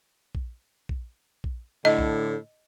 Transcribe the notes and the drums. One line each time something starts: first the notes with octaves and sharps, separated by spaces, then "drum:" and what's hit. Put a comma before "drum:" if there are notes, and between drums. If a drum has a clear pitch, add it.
drum: kick A#1
drum: kick A#1
drum: kick A#1
A2 D3 D#5
drum: kick A#1